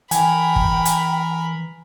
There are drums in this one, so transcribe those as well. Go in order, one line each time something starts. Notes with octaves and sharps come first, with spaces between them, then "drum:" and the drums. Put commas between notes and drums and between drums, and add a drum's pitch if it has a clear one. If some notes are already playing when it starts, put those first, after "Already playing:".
E3 A#4 G5 G#5 B5, drum: hi-hat
drum: kick G1
drum: hi-hat